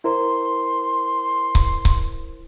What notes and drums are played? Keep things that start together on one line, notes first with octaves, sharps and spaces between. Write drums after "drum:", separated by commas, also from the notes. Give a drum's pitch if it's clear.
E4 A#4 C5 C6
drum: kick C#1
drum: kick C#1